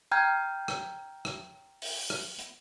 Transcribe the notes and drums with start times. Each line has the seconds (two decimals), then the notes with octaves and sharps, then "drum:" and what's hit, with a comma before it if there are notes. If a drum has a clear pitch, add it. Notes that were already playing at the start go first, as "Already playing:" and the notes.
0.12 G5 A#5 F6 G6 G#6
0.68 drum: rim click
1.25 drum: rim click
1.82 drum: open hi-hat
2.10 drum: rim click
2.38 drum: hi-hat